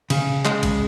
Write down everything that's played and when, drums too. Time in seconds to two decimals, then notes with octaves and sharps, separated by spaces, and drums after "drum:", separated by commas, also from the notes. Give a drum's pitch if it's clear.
0.10 C#3, drum: cymbal
0.45 G#3, drum: clap
0.63 drum: kick A1, cymbal